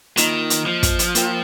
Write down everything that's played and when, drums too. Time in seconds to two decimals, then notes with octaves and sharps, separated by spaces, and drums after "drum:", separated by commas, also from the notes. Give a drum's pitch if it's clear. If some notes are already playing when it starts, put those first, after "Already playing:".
0.17 D#3 A#3 F4 D#5, drum: hi-hat
0.50 drum: hi-hat
0.66 F3
0.83 drum: kick, hi-hat
0.99 drum: hi-hat
1.15 A#3 F4 A#4 G5, drum: hi-hat